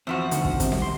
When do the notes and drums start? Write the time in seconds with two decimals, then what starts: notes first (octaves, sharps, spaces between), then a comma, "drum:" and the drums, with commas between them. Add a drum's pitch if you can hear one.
0.07 E2 F3 C4 F#4
0.31 D2 D#3, drum: hi-hat
0.45 drum: kick
0.60 C3, drum: kick, hi-hat
0.72 drum: snare C4
0.82 C6